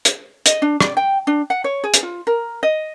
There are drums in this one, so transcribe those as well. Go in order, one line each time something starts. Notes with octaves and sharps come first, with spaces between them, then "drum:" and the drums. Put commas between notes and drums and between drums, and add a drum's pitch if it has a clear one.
drum: hi-hat
D#5, drum: hi-hat
D4
D5, drum: rim click
G5
D4
F#5
C#5
G#4
drum: hi-hat
F4
A#4
D#5